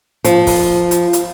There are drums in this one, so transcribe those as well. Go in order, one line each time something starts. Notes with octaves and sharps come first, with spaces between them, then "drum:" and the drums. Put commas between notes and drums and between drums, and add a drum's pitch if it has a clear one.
F3, drum: hi-hat
drum: kick, open hi-hat
drum: hi-hat
drum: hi-hat